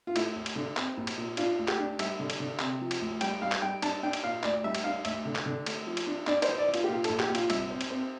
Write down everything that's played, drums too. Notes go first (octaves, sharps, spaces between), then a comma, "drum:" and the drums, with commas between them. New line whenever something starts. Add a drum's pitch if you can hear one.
F4
A3 E4, drum: cymbal
D2
drum: cymbal
D3
C4, drum: clap
A#1
drum: cymbal
A#2
D4 F4, drum: cymbal
D2
G4, drum: clap
D4
G3 E5, drum: cymbal
D3
drum: cymbal
D3
C3, drum: clap
F3
drum: cymbal
D2
G3 G5, drum: cymbal
G3 F5
drum: clap
G3 G5
D4 A5, drum: cymbal
D4 G5
drum: cymbal
A#2 F5
D2 D5, drum: clap
G3 E5
drum: cymbal
D4 F5
D2 E5, drum: cymbal
D3
drum: clap
D3
A3, drum: cymbal
F3
drum: cymbal
D4
D4 D5, drum: clap
C5, drum: cymbal
E3
D5
E3
F4, drum: cymbal
G4
A#2 F4
A4, drum: cymbal
A#1
G4, drum: clap
A#2
F4, drum: cymbal
C2 E5, drum: cymbal
C4
drum: cymbal
C4